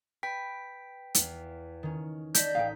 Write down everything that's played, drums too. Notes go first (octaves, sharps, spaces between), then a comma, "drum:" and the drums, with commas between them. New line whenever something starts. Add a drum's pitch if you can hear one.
B4 G5 B6
E2 F5, drum: hi-hat
D#3 C#4
D5 D#5 A5 G6 B6, drum: hi-hat
A1 D#4 F5 G5